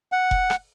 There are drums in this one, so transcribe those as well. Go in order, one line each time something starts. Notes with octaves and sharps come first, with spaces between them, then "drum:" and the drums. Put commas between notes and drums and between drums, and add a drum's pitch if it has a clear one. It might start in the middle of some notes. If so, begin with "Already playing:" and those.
F#5
drum: kick F1
drum: rim click